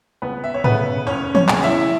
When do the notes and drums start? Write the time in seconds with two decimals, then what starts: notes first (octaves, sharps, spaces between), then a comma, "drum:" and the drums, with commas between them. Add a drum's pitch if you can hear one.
0.22 C#2 B3 B4
0.44 E5
0.54 C#5
0.64 C#3 A3 B3 B4, drum: tom
1.06 F#1 C#4 C#5
1.35 C#4 C#5, drum: tom
1.49 E2 C#3 E3, drum: clap
1.63 E4 E5